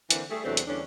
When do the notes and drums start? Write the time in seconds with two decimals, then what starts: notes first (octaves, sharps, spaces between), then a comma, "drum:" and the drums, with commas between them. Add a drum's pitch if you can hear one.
0.11 D3 E3 A#3 C4, drum: hi-hat
0.30 G3 A3 G#4
0.45 E2 C3 F#3 A3 C4 D4
0.57 drum: hi-hat
0.67 E2 D3 G3 C#4 D4